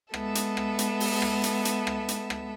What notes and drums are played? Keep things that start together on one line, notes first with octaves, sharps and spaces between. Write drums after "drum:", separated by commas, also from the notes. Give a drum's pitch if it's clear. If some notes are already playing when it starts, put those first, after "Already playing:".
G#3 B3 A4 E5, drum: rim click
drum: hi-hat
drum: rim click
drum: hi-hat
drum: open hi-hat
drum: rim click
drum: hi-hat
drum: hi-hat
drum: rim click
drum: hi-hat
drum: rim click